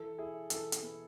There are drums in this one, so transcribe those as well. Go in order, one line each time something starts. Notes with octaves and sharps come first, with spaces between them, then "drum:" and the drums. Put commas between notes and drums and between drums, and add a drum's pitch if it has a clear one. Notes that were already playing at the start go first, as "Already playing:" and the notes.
Already playing: E3 A4
E4 G#4
E3 A4, drum: hi-hat
drum: hi-hat
B3